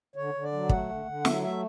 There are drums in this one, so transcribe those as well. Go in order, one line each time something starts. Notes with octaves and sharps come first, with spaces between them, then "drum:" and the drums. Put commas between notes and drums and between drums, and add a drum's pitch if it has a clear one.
D3 C#5
D3
D5
F#3
A3 F#5, drum: kick
D3
D3
F#3 E5, drum: snare
A3 E5